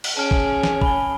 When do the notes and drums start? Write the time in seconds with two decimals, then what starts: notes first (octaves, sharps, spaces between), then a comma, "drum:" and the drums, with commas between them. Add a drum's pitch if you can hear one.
0.04 drum: cymbal
0.17 C#4 G#4 A5 F6 D7
0.31 drum: kick
0.63 drum: snare
0.81 G#5 B5 G7, drum: kick